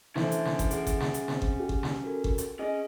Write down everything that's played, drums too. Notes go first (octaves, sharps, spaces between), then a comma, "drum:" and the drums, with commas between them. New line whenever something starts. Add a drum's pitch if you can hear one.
E3 A3 C#4 D4 C5 E5 A5, drum: snare
drum: hi-hat
drum: snare
drum: kick G1, hi-hat
G#4 F#5, drum: hi-hat
drum: kick G1, hi-hat
drum: snare
drum: hi-hat
C4, drum: snare
drum: kick G1
G4
drum: kick G1
drum: snare
F#4 A4 A#4
drum: kick G1
drum: hi-hat
C#4 G#4 D#5